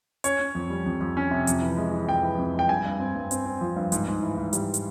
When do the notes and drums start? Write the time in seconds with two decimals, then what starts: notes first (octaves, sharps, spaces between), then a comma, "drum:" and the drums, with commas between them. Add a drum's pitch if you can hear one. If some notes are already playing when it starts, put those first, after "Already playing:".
0.24 C#4 C#5, drum: hi-hat
0.40 C#4
0.55 F2
0.70 G3
0.86 F2
1.01 F2
1.17 C#4
1.31 C3
1.47 F2, drum: hi-hat
1.62 E3
1.77 G#3
1.93 E3
2.08 F2 G5
2.23 E3
2.38 F2
2.54 G#3 G5
2.69 G2 G#5
2.85 G2
3.00 C4
3.15 G2
3.31 C4, drum: hi-hat
3.46 C4
3.61 F3
3.76 G2
3.92 G#2, drum: hi-hat
4.08 G#2
4.23 E3
4.38 G#2
4.53 G3, drum: hi-hat
4.74 drum: hi-hat